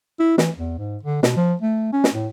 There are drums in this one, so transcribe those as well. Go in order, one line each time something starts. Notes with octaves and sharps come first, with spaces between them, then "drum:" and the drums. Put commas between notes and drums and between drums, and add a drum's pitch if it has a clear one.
E4
E3, drum: snare
E2
G#2
D3
B2, drum: snare
F3
A3
C#4
drum: snare
A2